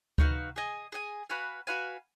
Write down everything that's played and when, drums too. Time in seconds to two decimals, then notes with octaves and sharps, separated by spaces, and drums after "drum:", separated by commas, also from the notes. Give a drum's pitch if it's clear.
0.18 D#4 F#4 B4 F5, drum: kick D2
0.56 G#4 D#5 G#5
0.92 G#4 D#5 G#5
1.29 F#4 B4 F5 G#5
1.67 F#4 B4 F5 G#5